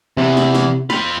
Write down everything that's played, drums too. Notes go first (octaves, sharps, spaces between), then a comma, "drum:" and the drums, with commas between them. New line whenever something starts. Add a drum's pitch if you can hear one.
E2 C3 E3
drum: snare
drum: snare
F4 G5 B5, drum: snare